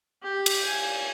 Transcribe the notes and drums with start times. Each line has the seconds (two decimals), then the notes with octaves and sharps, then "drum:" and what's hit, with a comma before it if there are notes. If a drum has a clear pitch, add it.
0.23 G4
0.46 drum: cymbal
0.65 G#5